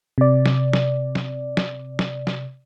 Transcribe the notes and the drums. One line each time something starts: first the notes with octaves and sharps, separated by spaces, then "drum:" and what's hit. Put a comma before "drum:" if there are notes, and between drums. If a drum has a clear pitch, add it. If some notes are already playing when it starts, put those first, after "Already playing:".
C3 D5
drum: snare
drum: snare
drum: snare
drum: snare
drum: snare
drum: snare